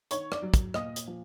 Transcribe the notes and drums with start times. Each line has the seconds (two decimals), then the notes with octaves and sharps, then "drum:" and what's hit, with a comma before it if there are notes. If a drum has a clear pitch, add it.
0.11 D#3 C#5 C#6, drum: hi-hat
0.32 D5 D6, drum: rim click
0.42 F#3
0.54 drum: kick, hi-hat
0.74 A#2 D#5 D#6, drum: rim click
0.96 drum: hi-hat
1.07 F3